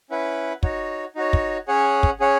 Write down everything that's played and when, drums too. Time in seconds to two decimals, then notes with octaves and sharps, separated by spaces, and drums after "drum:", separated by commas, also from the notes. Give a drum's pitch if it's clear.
0.10 C#4 E4 B4 F#5
0.63 D#4 F#4 C#5, drum: kick
1.15 D#4 F#4 C#5
1.33 drum: kick
1.68 C#4 G#4 C#5 F#5
2.03 drum: kick
2.20 C#4 G#4 C#5 F#5